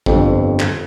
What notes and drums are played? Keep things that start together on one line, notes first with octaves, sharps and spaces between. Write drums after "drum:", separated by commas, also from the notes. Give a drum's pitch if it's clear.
G1 F2, drum: kick
drum: clap